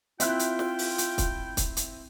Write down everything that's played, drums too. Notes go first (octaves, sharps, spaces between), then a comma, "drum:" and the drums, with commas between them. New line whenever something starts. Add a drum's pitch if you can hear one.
C4 E4 F4 E5 G5 F#6, drum: hi-hat
drum: hi-hat
drum: snare
drum: open hi-hat
drum: hi-hat
drum: kick, hi-hat
drum: kick, hi-hat
drum: hi-hat